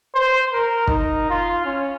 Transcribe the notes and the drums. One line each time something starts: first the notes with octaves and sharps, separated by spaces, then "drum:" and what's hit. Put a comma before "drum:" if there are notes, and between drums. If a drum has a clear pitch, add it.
C5
A#4
D#4, drum: kick
F4
C#4